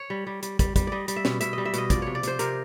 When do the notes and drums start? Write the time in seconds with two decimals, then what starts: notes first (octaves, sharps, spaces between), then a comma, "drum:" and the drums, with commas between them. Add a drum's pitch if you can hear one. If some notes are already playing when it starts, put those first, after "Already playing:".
Already playing: C#5
0.10 G3
0.27 G3
0.42 G3, drum: hi-hat
0.59 G3, drum: kick, hi-hat
0.76 G3, drum: kick, hi-hat
0.87 G3 D5 D#5
1.08 G3, drum: hi-hat
1.16 E5
1.25 B2, drum: snare
1.40 B2 E5, drum: hi-hat
1.53 G3 D#5
1.65 E5
1.73 B2 D#5, drum: hi-hat
1.90 F3 D5, drum: kick, hi-hat
2.02 C3 C#5
2.15 D5
2.23 C3 C5, drum: hi-hat
2.39 C3 A#4, drum: hi-hat